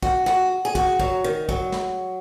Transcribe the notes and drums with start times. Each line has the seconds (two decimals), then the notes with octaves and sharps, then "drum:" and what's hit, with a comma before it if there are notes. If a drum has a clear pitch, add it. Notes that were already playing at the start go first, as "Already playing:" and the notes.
0.02 F#4, drum: kick
0.26 F#4, drum: snare
0.65 G#4
0.75 F#4, drum: kick
1.00 F#3, drum: kick
1.24 D#3
1.49 F#3, drum: kick
1.72 drum: snare